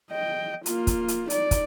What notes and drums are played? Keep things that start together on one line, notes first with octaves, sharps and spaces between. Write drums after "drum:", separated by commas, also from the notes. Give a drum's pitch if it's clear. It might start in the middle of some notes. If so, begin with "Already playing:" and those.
D#5 G5
A#3 F4, drum: hi-hat
drum: kick, hi-hat
drum: hi-hat
D#4 D5, drum: hi-hat
drum: kick, hi-hat